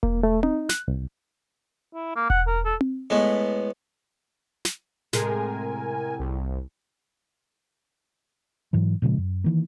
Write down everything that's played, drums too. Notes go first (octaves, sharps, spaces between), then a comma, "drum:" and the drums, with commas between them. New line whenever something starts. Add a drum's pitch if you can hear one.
A#3, drum: kick E1
A3
D#4, drum: tom C4
F#6, drum: snare
C2
E4
A#3
F#5, drum: kick E1
A#4
A4
drum: tom C4
A2 G#3 B3
drum: snare
A2 C3 G#3 A#4 G#5, drum: snare
C2
G#2 E3 F#3
A#2 C#3 F3 G#3
F#2
D#3 E3 A#3